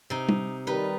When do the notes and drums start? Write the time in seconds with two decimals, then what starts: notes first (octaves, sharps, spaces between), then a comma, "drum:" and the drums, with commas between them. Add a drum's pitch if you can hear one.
0.10 C3 D#4
0.29 drum: tom
0.67 D#3 G3 D#4 B4